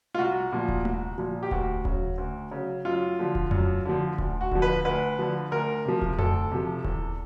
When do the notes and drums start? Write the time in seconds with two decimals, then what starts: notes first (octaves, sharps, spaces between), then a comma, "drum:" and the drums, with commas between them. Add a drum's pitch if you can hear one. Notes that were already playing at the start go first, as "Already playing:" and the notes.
0.15 F4
0.18 C2 F#4
0.52 A#2 F3
0.68 drum: kick D#1
0.85 C2, drum: tom A3
1.18 A#2 F3
1.43 G4
1.51 D2 F#4, drum: kick D#1
1.85 C#3 F#3, drum: kick D#1
2.18 D2
2.51 C#3 F#3
2.85 F#2 F4
3.19 D3 F3
3.35 drum: kick D#1
3.51 F#2, drum: tom F2
3.86 D3 F3
4.18 D2, drum: kick D#1
4.41 F#4
4.52 D3 F3, drum: kick D#1
4.62 B4
4.85 D2 B4
5.19 D3 F3
5.51 D2 A#4
5.85 C3 F3
6.02 drum: kick D#1
6.19 D2 A4, drum: tom F2
6.52 C3 F3
6.84 E2, drum: kick D#1